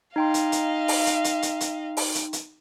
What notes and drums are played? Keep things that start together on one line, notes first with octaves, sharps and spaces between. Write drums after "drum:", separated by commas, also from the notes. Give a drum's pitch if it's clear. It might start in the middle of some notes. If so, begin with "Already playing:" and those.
D#4 D#5 F5 G5 C6
drum: hi-hat
drum: hi-hat
drum: open hi-hat
drum: hi-hat
drum: hi-hat
drum: hi-hat
drum: hi-hat
drum: open hi-hat
drum: hi-hat
drum: hi-hat